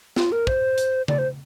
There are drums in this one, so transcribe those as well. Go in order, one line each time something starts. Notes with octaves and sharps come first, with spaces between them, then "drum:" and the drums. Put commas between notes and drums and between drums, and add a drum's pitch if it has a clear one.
F4, drum: snare
A#4
C5, drum: kick
drum: hi-hat
D5, drum: tom C#3
C5